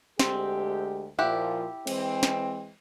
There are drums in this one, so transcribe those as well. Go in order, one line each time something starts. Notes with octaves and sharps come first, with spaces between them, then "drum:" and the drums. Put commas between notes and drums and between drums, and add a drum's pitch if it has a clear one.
D2 G#3 C4 G4, drum: snare
A#2 F3 E4 G4 F#5
E3 G#3 C4, drum: cymbal
drum: snare